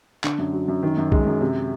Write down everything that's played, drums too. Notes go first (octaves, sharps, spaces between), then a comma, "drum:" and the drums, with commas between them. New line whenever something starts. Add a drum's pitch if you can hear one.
D3, drum: clap
F#2
F#3
F#2
D#3
F#2
G#3, drum: kick B1
F#2
C3